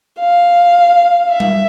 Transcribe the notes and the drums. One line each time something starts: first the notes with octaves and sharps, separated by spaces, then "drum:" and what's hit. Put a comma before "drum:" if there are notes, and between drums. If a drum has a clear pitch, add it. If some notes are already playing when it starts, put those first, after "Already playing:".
F5
E5
drum: tom G3